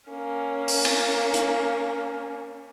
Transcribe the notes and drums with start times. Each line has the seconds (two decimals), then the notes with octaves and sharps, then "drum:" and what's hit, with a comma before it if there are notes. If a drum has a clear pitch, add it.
0.11 A#3 C#4
0.68 drum: open hi-hat
0.85 drum: cymbal
1.34 drum: hi-hat